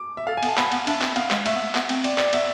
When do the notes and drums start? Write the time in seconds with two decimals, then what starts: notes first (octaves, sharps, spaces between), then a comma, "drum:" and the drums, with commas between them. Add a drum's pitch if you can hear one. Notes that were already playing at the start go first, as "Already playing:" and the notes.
Already playing: D6
0.17 E5
0.27 A4 F5
0.37 G#5
0.43 B3, drum: cymbal
0.47 A5
0.57 B3 B5, drum: clap
0.72 B3, drum: cymbal
0.87 D4 E5, drum: cymbal
1.01 C4, drum: clap
1.16 B3 F5, drum: cymbal
1.31 G#3, drum: clap
1.46 A3 E5, drum: cymbal
1.55 B3
1.75 B3, drum: clap
1.89 C4, drum: cymbal
2.04 D5, drum: cymbal
2.18 D5, drum: clap
2.33 B3 E5, drum: cymbal